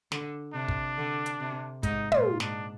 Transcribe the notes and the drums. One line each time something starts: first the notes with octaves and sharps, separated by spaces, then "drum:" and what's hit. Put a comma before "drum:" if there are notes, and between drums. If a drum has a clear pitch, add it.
D3, drum: snare
C3 D4
drum: kick
D3
drum: hi-hat
C3
G#2 D#4, drum: kick, hi-hat
A#2 F4, drum: tom
G#2 D4, drum: snare